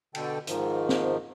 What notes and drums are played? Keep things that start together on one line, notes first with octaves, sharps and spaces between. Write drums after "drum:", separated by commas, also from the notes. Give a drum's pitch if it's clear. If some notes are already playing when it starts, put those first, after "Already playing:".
B2 D3 A4 G5, drum: cymbal
G#2 D#3 F3, drum: hi-hat
drum: snare